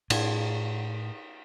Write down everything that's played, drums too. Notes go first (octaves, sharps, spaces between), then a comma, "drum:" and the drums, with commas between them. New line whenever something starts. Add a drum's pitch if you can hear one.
A2, drum: cymbal